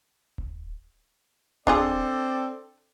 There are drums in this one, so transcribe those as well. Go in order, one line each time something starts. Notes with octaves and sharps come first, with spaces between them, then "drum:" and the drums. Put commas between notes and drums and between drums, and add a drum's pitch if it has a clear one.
drum: kick D#1
C4 D4 F4 G#4 A4 D5, drum: kick D#1